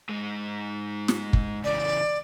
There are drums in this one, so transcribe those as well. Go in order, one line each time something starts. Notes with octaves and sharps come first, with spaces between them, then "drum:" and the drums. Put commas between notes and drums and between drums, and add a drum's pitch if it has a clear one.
G#2 G#3
drum: snare
drum: kick
C#3 E3 D5